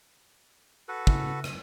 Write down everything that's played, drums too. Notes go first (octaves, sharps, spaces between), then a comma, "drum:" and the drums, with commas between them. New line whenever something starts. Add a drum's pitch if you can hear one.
F#4 A4 B4
C#3 E4, drum: kick
drum: rim click